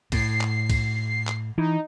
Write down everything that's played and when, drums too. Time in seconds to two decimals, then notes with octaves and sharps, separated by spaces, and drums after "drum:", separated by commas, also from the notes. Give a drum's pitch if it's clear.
0.12 A2 C7, drum: kick C2, cymbal
0.41 drum: clap
0.70 drum: kick C2, cymbal
1.27 drum: clap
1.58 E3 D#4